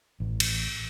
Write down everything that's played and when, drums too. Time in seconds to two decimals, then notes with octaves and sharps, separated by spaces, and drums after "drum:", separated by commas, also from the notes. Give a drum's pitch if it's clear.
0.20 A1
0.40 drum: cymbal